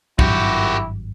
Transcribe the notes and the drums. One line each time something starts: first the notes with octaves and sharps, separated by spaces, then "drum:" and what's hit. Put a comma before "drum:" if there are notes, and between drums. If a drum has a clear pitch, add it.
G#1 G2 F#3 E4 F#4 G4, drum: kick